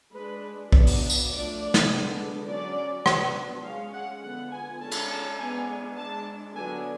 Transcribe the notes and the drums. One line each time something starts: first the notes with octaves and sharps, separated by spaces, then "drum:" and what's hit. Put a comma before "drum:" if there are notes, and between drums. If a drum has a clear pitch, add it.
G#3 D4 B4
F#3 B3 D4, drum: kick B1
drum: open hi-hat
drum: tambourine
F3 A3 D4 D5
drum: snare
D3 G#3 B3 D4
F#3 C#4 D5
F#3 B3 D4, drum: rim click
G#3 C#4 F5
F#5
D3 F3 B3 F#5
G#5
D3 G#3 C#4 A5
drum: cymbal
A5
G#3 B3 D4 G#5
G#3 D4 A5
D3 F#3 B3 D4 G#5